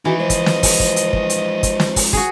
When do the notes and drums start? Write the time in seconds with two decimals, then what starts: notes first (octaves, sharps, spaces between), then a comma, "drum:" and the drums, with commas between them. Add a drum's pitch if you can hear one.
0.05 D#2 E3 D#4 F#4
0.19 F3 G#3 C5 D#5
0.30 drum: kick, hi-hat
0.46 drum: snare
0.63 drum: kick, open hi-hat
0.80 drum: kick
0.96 drum: hi-hat
1.13 drum: kick
1.30 drum: hi-hat
1.63 drum: kick, hi-hat
1.80 drum: snare
1.96 drum: kick, open hi-hat
2.13 F#4 G#4, drum: kick